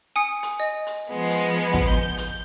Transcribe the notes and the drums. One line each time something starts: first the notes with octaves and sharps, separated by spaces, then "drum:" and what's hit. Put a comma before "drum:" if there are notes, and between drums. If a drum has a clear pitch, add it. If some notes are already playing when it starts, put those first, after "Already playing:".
G#5 D#6 C#7
drum: hi-hat
D#5
drum: hi-hat
F3 G#3 B3
drum: hi-hat
drum: kick, open hi-hat
G6
drum: hi-hat